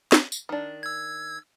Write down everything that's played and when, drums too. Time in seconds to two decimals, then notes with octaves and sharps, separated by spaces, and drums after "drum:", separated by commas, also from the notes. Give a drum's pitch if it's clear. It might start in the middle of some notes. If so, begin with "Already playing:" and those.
0.12 drum: snare
0.32 drum: tambourine
0.49 D#3 D4
0.83 E6 G#6